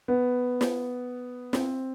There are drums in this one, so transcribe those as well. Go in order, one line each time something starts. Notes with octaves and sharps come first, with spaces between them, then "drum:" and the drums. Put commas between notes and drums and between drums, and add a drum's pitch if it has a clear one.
B3
drum: snare
C4, drum: snare